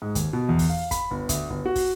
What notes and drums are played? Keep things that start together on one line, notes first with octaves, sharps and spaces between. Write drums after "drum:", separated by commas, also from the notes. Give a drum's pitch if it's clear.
G#2
D#2, drum: kick, hi-hat
B2
E2
drum: kick, open hi-hat
F5
B5, drum: kick, hi-hat
G1
D2, drum: kick, hi-hat
G1
F#4
drum: kick, open hi-hat